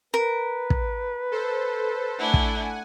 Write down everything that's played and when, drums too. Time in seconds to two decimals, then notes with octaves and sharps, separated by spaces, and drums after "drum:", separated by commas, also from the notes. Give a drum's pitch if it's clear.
0.14 A#4 B4
0.70 drum: kick
1.32 A4 C5
2.19 A3 D4 E4 F#5 G#5
2.34 drum: kick